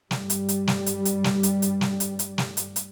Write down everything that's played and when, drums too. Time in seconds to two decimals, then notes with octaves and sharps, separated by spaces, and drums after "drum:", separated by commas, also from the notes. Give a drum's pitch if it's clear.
0.11 G2 G3, drum: snare
0.30 drum: hi-hat
0.49 drum: hi-hat
0.67 drum: snare
0.86 drum: hi-hat
1.05 drum: hi-hat
1.24 drum: snare
1.43 drum: hi-hat
1.62 drum: hi-hat
1.81 drum: snare
2.00 drum: hi-hat
2.19 drum: hi-hat
2.38 drum: snare
2.57 drum: hi-hat
2.76 drum: hi-hat